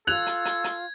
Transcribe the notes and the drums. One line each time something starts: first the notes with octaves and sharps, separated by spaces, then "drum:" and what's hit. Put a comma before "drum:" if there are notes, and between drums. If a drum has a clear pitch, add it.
F4 A4 F#6 G#6 F7
drum: hi-hat
drum: hi-hat
drum: hi-hat